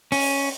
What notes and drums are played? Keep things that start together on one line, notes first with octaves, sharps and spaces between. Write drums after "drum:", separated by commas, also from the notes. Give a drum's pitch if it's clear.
C#4, drum: open hi-hat